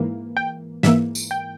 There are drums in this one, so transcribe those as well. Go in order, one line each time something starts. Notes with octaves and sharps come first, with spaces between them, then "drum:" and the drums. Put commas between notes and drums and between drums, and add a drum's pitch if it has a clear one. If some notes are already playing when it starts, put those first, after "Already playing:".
Already playing: G#2 E3 A#3
G5
G#2 E3 A#3 E5, drum: snare
drum: tambourine
G5